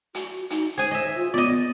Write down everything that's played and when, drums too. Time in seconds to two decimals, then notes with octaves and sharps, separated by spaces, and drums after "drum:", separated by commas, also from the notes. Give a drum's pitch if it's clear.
0.15 F#4, drum: hi-hat
0.50 D#4, drum: hi-hat
0.78 G#4 C5 G#5
0.91 C5 D#5 E5
1.15 F4
1.34 B3 D5 D#5